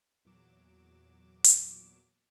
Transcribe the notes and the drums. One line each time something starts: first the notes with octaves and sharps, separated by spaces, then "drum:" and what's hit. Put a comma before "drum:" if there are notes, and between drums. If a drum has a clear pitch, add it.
E2 A#2 F#3 D6 E7
drum: hi-hat